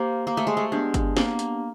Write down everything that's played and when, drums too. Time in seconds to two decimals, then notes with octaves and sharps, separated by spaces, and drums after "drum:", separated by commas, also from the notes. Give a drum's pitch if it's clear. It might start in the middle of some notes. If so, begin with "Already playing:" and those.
Already playing: A#3 G4 C5 F5
0.27 A#3
0.37 A3
0.47 G#3
0.57 A3
0.72 G#3 B3 D4 G4
0.94 drum: kick G1, hi-hat
1.17 A#3, drum: snare
1.39 drum: hi-hat